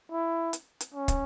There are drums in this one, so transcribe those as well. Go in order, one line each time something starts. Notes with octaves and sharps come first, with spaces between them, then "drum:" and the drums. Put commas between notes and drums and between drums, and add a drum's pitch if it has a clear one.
E4
drum: hi-hat
drum: hi-hat
C#4
drum: kick, hi-hat